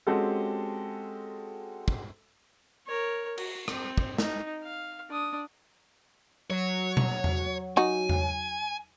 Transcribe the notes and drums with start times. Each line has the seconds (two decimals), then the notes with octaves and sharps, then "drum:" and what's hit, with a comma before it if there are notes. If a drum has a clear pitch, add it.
0.07 G#3 C4 C#4 F#4 G4 A4
1.88 drum: kick
2.87 A#4 C#5
3.38 F#4, drum: cymbal
3.68 C4, drum: rim click
3.98 drum: kick
4.18 D#4, drum: snare
4.63 F5
5.10 D4 D#6
6.50 F#3 C#5
6.97 drum: tom B2
7.24 drum: tom E2
7.77 D#4 F#4 G#5
8.09 drum: tom E2